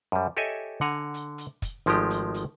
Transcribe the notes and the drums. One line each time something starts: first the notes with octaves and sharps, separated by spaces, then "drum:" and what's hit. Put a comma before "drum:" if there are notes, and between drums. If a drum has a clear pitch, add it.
F#2 G3
G4 A4 C#5 D#5 E5 G#5
D3 F#5 G#5 A#5
drum: hi-hat
drum: hi-hat
drum: kick, hi-hat
G#1 F3 G#3 A3 G4, drum: hi-hat
drum: hi-hat
drum: hi-hat